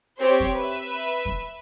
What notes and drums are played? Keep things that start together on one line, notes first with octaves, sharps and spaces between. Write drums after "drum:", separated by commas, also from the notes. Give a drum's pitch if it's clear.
C4 G4 C5 C#5
drum: kick E2
B4 E5
drum: kick E2